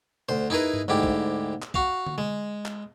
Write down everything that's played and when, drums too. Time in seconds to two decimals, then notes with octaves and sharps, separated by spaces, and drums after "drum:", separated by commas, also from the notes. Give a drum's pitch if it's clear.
0.29 D2 C5
0.50 D#4 E4 G#4 A#4 B4
0.74 drum: tom G2
0.88 D2 G#2 E4 G4
1.03 drum: kick
1.62 drum: clap
1.74 F#4 F5, drum: kick
2.06 drum: tom D3
2.18 G#3
2.66 drum: clap